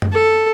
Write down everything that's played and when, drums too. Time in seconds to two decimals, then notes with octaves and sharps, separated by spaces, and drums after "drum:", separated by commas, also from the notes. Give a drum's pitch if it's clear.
0.02 drum: tom F#2
0.13 A4